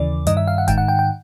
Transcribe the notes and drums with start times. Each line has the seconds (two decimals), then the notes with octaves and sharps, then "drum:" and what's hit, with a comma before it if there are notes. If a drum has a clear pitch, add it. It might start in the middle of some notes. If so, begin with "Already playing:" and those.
Already playing: D#2 C#3 E3 D5
0.27 G2 D#3 D#5, drum: hi-hat
0.37 E5
0.47 F5
0.58 F#5
0.68 G#2 D#3 G5, drum: kick F1, hi-hat
0.78 F#5
0.88 G5
0.99 G5